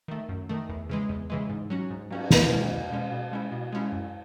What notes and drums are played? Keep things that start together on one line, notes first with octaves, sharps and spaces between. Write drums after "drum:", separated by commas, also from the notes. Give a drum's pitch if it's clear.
D#3 A3
F#2
D#3 A3
E2
C#3 E3 G#3
E2
C#3 E3 G#3
G#2
F#3 C#4 F#4
G#2
F#3 C#4 F#4, drum: cymbal
E2, drum: snare
B2 G#3 C#4
E2
B2 G#3 C#4
B2
G#3 C#4 E4
B2
G#3 C#4 E4
F#2